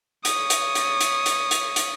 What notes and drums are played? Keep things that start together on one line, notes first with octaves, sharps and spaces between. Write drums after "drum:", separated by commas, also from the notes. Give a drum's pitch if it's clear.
C#5 D#6, drum: hi-hat
drum: hi-hat
drum: hi-hat
drum: hi-hat
drum: hi-hat
drum: hi-hat
drum: hi-hat